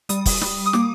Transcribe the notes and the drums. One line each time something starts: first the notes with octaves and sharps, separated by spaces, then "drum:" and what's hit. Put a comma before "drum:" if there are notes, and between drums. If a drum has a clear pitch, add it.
G3 D#6, drum: hi-hat
drum: kick, open hi-hat
G3, drum: snare
D#6
A#3 D6, drum: snare